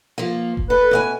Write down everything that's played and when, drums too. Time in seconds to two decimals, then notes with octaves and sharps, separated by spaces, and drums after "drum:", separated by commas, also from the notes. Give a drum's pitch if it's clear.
0.18 F3 A#3
0.57 drum: kick E1
0.70 A4 B4
0.91 B2 D#5 G#5